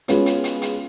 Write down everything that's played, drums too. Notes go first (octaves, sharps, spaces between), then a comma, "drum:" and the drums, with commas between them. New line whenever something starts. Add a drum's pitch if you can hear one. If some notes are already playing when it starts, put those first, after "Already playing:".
G#3 B3 C#4 F4 F#4, drum: hi-hat
drum: hi-hat
drum: hi-hat
drum: hi-hat